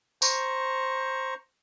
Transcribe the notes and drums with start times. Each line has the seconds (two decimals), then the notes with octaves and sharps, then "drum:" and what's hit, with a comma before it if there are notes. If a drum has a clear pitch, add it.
0.22 C5 A#5 C#6, drum: tambourine